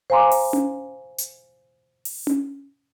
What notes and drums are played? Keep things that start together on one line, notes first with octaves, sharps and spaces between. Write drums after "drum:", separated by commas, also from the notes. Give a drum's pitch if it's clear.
C5 F5 G#5 A#5 C6 D6
drum: open hi-hat
drum: tom C#4
drum: hi-hat
drum: open hi-hat
drum: tom C#4